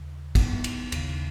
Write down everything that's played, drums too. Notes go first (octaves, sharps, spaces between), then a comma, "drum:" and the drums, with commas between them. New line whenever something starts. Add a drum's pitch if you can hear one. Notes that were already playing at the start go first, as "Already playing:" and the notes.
Already playing: D#2 C#3
B3, drum: kick, cymbal
drum: cymbal
D#2 C#3, drum: cymbal